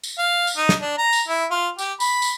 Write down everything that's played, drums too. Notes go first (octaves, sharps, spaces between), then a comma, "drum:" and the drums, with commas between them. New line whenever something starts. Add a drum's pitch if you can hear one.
drum: tambourine
F5
drum: tambourine
D#4
drum: snare
D4
A#5
drum: tambourine
E4
F4
G4, drum: tambourine
B5, drum: tambourine
drum: tambourine